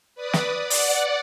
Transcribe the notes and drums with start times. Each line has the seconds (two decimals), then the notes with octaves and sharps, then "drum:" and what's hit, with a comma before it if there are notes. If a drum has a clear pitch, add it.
0.15 B4 D5 D#6
0.33 drum: snare
0.59 D5 F#5
0.70 drum: open hi-hat